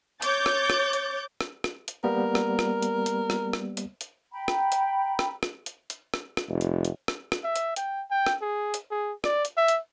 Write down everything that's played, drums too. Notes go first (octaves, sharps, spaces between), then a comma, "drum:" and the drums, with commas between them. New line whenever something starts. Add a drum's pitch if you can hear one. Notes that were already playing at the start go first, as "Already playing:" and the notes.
C#5 D6 G6 A6, drum: hi-hat
drum: rim click
drum: rim click
drum: hi-hat
drum: rim click
drum: rim click
drum: hi-hat
G3 A#3 B3 A#4
drum: rim click
drum: rim click
drum: hi-hat
drum: hi-hat
drum: rim click
drum: rim click
drum: hi-hat
drum: hi-hat
G5 A#5 B5
drum: rim click
drum: hi-hat
drum: rim click
drum: rim click
drum: hi-hat
drum: hi-hat
drum: rim click
drum: rim click
F1
drum: hi-hat
drum: hi-hat
drum: rim click
drum: rim click
E5
drum: hi-hat
G5, drum: hi-hat
G5
drum: rim click
G#4
drum: hi-hat
G#4
D5, drum: rim click
drum: hi-hat
E5
drum: hi-hat